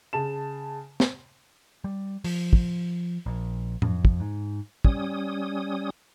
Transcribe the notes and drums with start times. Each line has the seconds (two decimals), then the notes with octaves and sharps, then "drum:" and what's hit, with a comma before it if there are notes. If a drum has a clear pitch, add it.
0.13 C#3 A5 E7
1.00 drum: snare
1.84 G3
2.24 F3, drum: open hi-hat
2.53 drum: kick
3.26 A#1
3.82 F2, drum: tom A2
4.05 drum: kick
4.20 G#2
4.85 G3 C#4 D#6, drum: kick